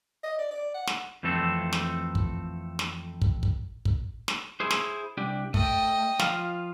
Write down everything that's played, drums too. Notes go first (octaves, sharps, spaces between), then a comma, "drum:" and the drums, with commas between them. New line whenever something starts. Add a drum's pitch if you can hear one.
D#5
D5
D5
F#5
drum: snare
F2 E3 A3 C4 A4
drum: snare
drum: kick
drum: snare
drum: kick
drum: kick
drum: kick
drum: snare
E4 G#4 C5
drum: snare
C2 D4 G4
A3 D#5 G5, drum: kick
F3 F4 F5, drum: snare